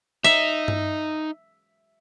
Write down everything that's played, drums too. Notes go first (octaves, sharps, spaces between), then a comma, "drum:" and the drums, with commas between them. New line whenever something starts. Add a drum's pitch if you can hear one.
D#4 E5
drum: tom G2